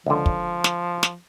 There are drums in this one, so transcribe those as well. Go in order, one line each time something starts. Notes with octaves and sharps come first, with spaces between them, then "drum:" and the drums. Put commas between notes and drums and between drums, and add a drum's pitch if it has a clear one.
C#2 D3 F3
drum: kick
drum: snare
drum: snare